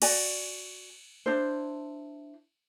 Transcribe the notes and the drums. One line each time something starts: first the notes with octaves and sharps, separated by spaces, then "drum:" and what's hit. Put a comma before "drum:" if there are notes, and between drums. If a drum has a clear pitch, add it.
F#4 D5 G#5, drum: cymbal
D4 E4 C5